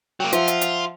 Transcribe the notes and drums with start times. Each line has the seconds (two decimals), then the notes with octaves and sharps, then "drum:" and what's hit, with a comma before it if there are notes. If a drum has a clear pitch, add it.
0.20 F#3 A#3 G5
0.32 F3 F4 E5 F#5, drum: hi-hat
0.48 drum: hi-hat
0.61 drum: hi-hat